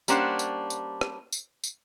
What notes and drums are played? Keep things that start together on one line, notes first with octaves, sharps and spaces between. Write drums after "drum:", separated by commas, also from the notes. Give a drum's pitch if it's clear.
G3 A#3 C#4 D4 C5 F#5, drum: tambourine
drum: tambourine
drum: tambourine
drum: rim click
drum: tambourine
drum: tambourine